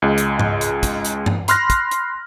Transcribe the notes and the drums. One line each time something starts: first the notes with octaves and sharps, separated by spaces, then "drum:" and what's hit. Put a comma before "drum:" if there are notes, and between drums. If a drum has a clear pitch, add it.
C#2 G#3
drum: hi-hat
drum: tom G#2
drum: hi-hat
drum: kick, hi-hat
drum: hi-hat
drum: tom G2
B5 C6 F6 F#6 A#6, drum: hi-hat
drum: kick, hi-hat
drum: hi-hat